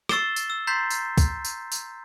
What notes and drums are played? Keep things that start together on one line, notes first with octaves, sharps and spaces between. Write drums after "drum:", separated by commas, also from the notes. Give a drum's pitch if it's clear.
C#6 E6 A6 C7 E7 G7, drum: rim click
drum: tambourine
E6
A#5 C6 G6 A6 B6 C7
drum: tambourine
drum: kick C2, tambourine
drum: tambourine
drum: tambourine